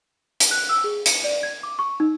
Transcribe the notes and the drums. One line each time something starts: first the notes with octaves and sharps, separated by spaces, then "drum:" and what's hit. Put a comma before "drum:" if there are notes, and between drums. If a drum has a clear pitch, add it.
drum: hi-hat
F#6
E6
G#4
C#7, drum: hi-hat
D5
G#6
D6
C#6
D#4